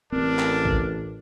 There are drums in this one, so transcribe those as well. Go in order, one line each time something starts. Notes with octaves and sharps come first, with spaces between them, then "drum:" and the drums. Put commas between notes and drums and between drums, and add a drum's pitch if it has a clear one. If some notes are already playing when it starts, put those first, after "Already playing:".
A1 C4 D4 A#4
drum: clap
drum: kick